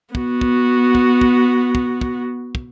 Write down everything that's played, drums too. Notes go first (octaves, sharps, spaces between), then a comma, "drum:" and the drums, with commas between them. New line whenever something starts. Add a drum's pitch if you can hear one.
B3 F#4, drum: kick
drum: kick
drum: kick
drum: kick
drum: kick
drum: kick
drum: kick